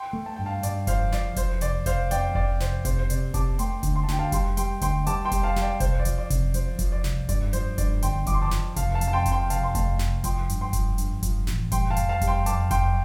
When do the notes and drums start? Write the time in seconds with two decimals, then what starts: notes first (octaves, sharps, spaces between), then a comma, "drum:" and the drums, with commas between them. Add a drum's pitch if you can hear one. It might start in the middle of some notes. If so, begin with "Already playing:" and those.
Already playing: G5 C6
0.13 A3
0.26 A5
0.36 G2 G5
0.46 F5 A5
0.63 G2 D5, drum: hi-hat
0.87 F3 C5 F5, drum: kick F1, hi-hat
1.12 F3 D5, drum: snare
1.36 F3 C5, drum: kick F1, hi-hat
1.61 F1 D5, drum: hi-hat
1.86 F1 C5 F5, drum: kick F1, hi-hat
2.11 F2 D5 G5, drum: hi-hat
2.35 F2 D5, drum: kick F1
2.60 F1 C5, drum: snare
2.85 C3 C5, drum: kick F1, hi-hat
2.99 C5
3.10 C3 D5, drum: hi-hat
3.34 C3 A5 D6, drum: kick F1, hi-hat
3.59 A3 G5 C6, drum: hi-hat
3.83 D2, drum: kick F1, hi-hat
3.96 C6
4.04 A5
4.08 D2 G5, drum: snare
4.19 F5 A5
4.32 G3 G5 C6, drum: kick F1, hi-hat
4.57 G3 G5 C6, drum: hi-hat
4.81 D2 G5 C6, drum: kick F1, hi-hat
5.07 G3 A5 D6, drum: hi-hat
5.25 G5 C6
5.32 G3, drum: kick F1, hi-hat
5.43 F5 A5
5.56 G3, drum: snare
5.62 D5 G5
5.80 C2 C5 F5, drum: kick F1, hi-hat
5.99 D5
6.05 F3, drum: hi-hat
6.18 D5
6.30 C3, drum: kick F1, hi-hat
6.54 F3 C5, drum: hi-hat
6.79 F3, drum: kick F1, hi-hat
6.92 D5
7.04 C2, drum: snare
7.29 G2 D5, drum: kick F1, hi-hat
7.53 F3 C5, drum: hi-hat
7.78 G2 D5, drum: kick F1, hi-hat
8.02 G1 G5 C6, drum: hi-hat
8.26 F3 D6, drum: kick F1, hi-hat
8.34 C6
8.42 A5 D6
8.51 F3, drum: snare
8.76 F1 F5 A5, drum: kick F1, hi-hat
8.95 F5 A5
9.01 F2, drum: hi-hat
9.08 A5
9.13 G5 C6
9.26 F2, drum: kick F1, hi-hat
9.32 G5 C6
9.50 F1 F5 A5, drum: hi-hat
9.63 C6
9.75 A3 F5 A5, drum: kick F1, hi-hat
9.99 F1, drum: snare
10.24 F3 G5 C6, drum: kick F1, hi-hat
10.49 G2, drum: hi-hat
10.61 G5 C6
10.73 F3, drum: kick F1, hi-hat
10.98 G2, drum: hi-hat
11.23 F3, drum: kick F1, hi-hat
11.47 A1, drum: snare
11.72 G3 G5 C6, drum: kick F1, hi-hat
11.90 F5 A5
11.96 F2, drum: hi-hat
12.09 F5 A5
12.21 G3, drum: kick F1, hi-hat
12.27 G5 C6
12.46 F2 A5 D6, drum: hi-hat
12.71 F2 G5 C6, drum: kick F1, hi-hat